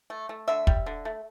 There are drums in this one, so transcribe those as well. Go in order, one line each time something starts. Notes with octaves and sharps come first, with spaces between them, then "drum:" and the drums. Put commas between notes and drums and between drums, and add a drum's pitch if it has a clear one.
A3
A3
D3 E5
G3, drum: kick
D3
A3